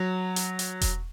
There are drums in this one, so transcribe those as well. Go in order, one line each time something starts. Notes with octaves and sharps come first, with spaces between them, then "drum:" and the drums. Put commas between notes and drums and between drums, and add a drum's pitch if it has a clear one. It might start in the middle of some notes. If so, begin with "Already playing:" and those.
Already playing: F#3
drum: hi-hat
drum: hi-hat
drum: kick E1, hi-hat